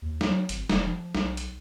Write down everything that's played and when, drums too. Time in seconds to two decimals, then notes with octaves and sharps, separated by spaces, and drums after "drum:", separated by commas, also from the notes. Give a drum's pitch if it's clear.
0.02 D#2
0.21 F#3, drum: snare
0.49 G#1, drum: hi-hat
0.70 F1, drum: snare
0.86 F3
1.15 B1, drum: snare
1.37 drum: hi-hat